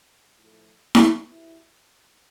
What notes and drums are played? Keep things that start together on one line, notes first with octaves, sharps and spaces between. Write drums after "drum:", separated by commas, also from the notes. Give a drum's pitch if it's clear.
A2 F3 A3
drum: snare E4
B2 G3 E4